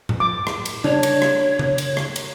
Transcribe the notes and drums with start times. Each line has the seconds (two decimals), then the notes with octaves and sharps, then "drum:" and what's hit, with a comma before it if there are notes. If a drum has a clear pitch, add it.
0.09 drum: tom A2
0.20 D6
0.47 drum: rim click
0.66 drum: cymbal
0.84 D4 C#5, drum: tom C#3
1.03 drum: cymbal
1.22 drum: rim click
1.59 drum: tom C#3
1.78 drum: cymbal
1.97 drum: rim click
2.16 drum: cymbal